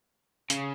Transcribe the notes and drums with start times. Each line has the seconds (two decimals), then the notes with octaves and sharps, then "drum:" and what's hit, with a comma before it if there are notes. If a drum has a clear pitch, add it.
0.50 C#3, drum: hi-hat